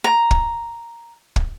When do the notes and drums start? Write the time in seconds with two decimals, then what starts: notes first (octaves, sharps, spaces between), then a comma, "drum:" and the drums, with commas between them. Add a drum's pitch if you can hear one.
0.04 A#5
0.31 drum: kick
1.36 drum: kick